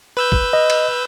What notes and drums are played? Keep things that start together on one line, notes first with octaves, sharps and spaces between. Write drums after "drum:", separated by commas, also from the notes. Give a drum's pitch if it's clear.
B4 E6 G6
drum: kick
D#5
drum: cymbal